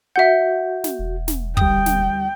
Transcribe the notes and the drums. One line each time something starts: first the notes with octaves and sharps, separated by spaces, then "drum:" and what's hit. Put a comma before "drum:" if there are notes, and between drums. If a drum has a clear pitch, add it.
F#4 E5 F#5 G6
drum: snare
E1
drum: snare
D2 G3 G5 D#6, drum: kick
drum: snare